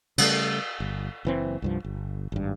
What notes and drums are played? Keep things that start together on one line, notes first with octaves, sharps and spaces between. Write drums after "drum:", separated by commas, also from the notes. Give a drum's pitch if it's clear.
C#3 G3 A3, drum: cymbal
G1
F#1 E3 C4
C2 G2 F3
G1
G#1 G2